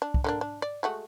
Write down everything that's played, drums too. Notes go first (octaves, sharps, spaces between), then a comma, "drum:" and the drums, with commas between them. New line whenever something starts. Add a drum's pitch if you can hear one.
D4
drum: kick
D3 A#3 D4
D4
D5
G#3 A3 F#4